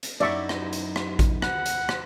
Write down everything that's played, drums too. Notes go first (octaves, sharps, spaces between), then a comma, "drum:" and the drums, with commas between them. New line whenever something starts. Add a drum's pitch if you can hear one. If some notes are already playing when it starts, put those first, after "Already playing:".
drum: hi-hat
F#2 D#4 E4 D5 E5 C#6
drum: rim click
drum: hi-hat
drum: rim click
drum: kick A1, hi-hat
F#5, drum: rim click
drum: hi-hat
drum: rim click